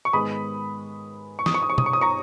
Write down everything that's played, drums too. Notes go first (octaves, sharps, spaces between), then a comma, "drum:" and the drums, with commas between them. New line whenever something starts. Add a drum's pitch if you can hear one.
C#6
G#2 D#3 G#3 B3 B5 D#6
C#6
D#6, drum: snare
C#6
D#6
C#6
D#6, drum: tom B2
C#6
D#6
A#5 C#6